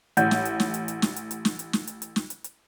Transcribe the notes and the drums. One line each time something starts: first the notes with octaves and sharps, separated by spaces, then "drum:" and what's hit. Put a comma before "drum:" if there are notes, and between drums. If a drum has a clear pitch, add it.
A1 F#5 G6, drum: hi-hat
drum: snare
drum: hi-hat
drum: snare
drum: hi-hat
drum: hi-hat
drum: snare
drum: hi-hat
drum: hi-hat
drum: snare
drum: hi-hat
drum: snare
drum: hi-hat
drum: hi-hat
drum: snare
drum: hi-hat
drum: hi-hat